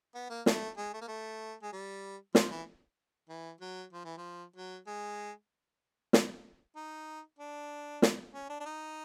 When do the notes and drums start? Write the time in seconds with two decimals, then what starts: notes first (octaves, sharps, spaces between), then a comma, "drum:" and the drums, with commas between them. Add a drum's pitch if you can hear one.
0.14 B3
0.30 A#3
0.46 A3, drum: snare
0.78 G#3
0.93 A3
1.01 A#3
1.08 A3
1.63 G#3
1.72 G3
2.35 F3, drum: snare
2.51 E3
3.29 E3
3.61 F#3
3.92 F3
4.05 E3
4.17 F3
4.56 F#3
4.87 G#3
6.13 drum: snare
6.76 D#4
7.39 D4
8.02 drum: snare
8.34 C#4
8.50 D4
8.60 D4
8.66 D#4